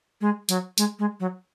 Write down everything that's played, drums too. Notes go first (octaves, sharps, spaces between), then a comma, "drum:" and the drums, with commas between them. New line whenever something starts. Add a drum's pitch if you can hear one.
G#3
F#3, drum: hi-hat
G#3, drum: hi-hat
G#3
F#3